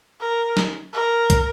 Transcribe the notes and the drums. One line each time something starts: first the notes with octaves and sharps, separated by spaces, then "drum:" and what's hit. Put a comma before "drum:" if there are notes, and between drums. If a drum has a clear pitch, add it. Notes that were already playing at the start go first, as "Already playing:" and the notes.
A#4
drum: snare
A#4
drum: kick, hi-hat